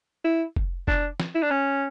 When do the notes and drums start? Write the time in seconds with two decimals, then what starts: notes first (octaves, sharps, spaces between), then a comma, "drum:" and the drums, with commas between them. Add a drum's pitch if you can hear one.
0.24 E4
0.56 drum: kick F1
0.88 D4, drum: kick F1
1.20 drum: snare
1.35 E4
1.42 D4
1.51 C#4